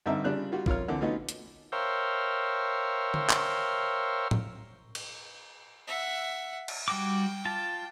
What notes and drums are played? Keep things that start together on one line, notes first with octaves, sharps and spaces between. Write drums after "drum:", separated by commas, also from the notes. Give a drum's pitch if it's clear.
G2 D3 C4 D#4 E5 A#5
C#3 G3 D4 F4 F#6
G3 F4 F#4
F2 F4 A#4 C#5 F6, drum: kick
D3 E3 C4
A3 B3 C#4 D#4 F4 F#4
drum: hi-hat
A#4 C5 C#5 E5 F5 G5
drum: tom D3
drum: clap
drum: tom A2
drum: cymbal
E5 F#5
drum: cymbal
G3 F#4 G5 D6
F4 A5